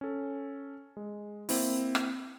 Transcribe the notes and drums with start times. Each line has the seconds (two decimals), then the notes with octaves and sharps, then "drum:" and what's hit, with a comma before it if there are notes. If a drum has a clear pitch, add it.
0.01 C#4 A4
0.97 G#3
1.49 A#3 C4 E4, drum: open hi-hat
1.95 drum: rim click